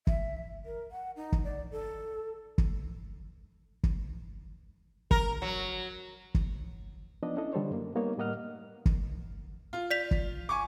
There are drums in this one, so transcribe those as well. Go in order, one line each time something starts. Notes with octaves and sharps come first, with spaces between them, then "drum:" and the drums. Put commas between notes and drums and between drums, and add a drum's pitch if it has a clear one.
E5, drum: kick
A#4
F#5
D#4
drum: kick
D5
A4
drum: kick
drum: kick
A#4, drum: kick
F#3
drum: kick
F3 B3 D4 D#4 D5 D#5
C#4 D4 E4 A4 D#5
D3 G3 A4 C5 C#5
F#2 A#3
G3 A#3 B3 D#4 C#5
A2 G3 A#3 D#5 F#5 F6
drum: kick
F4
D5 B6 F7
drum: kick
G#5 C#6 D6